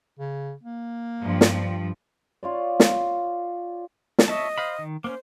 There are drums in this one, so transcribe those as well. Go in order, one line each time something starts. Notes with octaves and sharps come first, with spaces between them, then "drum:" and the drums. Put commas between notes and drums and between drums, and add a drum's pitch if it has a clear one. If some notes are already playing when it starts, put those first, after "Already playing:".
C#3
A#3
G2 F3
drum: snare
F4 C#5 D5
drum: snare
drum: snare
C#5 D#5 E5 A5
C5 F5 B5
D#3
A#3 B3 C#4 C5